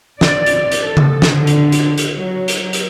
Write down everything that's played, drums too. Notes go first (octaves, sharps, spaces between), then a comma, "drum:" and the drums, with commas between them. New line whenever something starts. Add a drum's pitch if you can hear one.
D5, drum: snare
drum: hi-hat
drum: hi-hat
A4
drum: tom C#3
drum: snare
D3
drum: hi-hat
drum: hi-hat
drum: hi-hat
F#3
drum: hi-hat
drum: hi-hat